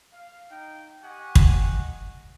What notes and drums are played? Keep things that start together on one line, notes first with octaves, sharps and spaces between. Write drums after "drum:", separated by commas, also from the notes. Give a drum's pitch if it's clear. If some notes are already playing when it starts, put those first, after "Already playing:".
F5
D#4 G5
G4 D#5 F#5 G#5 C#6
drum: kick